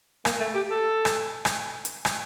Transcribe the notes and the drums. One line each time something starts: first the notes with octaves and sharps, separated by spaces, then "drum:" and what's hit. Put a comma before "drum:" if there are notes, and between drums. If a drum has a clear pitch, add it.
A#3, drum: rim click
A3
G4
A4
drum: rim click
drum: rim click
drum: hi-hat
drum: rim click